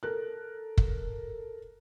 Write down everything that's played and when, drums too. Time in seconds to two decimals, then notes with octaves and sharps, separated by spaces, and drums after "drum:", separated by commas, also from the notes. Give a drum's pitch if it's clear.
0.03 A4 A#4 F#6
0.77 drum: kick